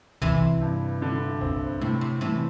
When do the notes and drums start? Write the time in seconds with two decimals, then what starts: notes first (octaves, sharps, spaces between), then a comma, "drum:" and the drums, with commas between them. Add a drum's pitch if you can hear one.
0.22 C3 E3 E4, drum: kick C2
0.61 G2
1.02 D3
1.41 C4, drum: kick C2
1.81 A2 C3
2.01 C3
2.21 A2 C3 E3